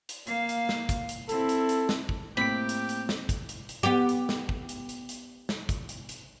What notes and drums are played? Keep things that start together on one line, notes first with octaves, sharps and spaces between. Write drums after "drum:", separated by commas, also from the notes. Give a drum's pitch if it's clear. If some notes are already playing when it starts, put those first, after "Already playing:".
drum: hi-hat
A#3 F5, drum: hi-hat
drum: hi-hat
drum: snare
drum: kick, hi-hat
drum: hi-hat
C4 E4 A4, drum: hi-hat
drum: hi-hat
drum: hi-hat
drum: snare
drum: kick
A2 A#3 C4 G4 B5 D7
drum: hi-hat
drum: hi-hat
drum: snare
drum: kick, hi-hat
drum: hi-hat
drum: hi-hat
B3 G4
drum: hi-hat
drum: snare
drum: kick
drum: hi-hat
drum: hi-hat
drum: hi-hat
drum: snare
drum: kick, hi-hat
drum: hi-hat
drum: hi-hat